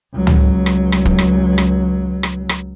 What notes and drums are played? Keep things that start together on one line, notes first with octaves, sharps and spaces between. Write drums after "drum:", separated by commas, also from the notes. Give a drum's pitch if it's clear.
C#2 F#3
drum: tom C#2
drum: rim click
drum: rim click
drum: kick
drum: rim click
drum: rim click
drum: rim click
drum: rim click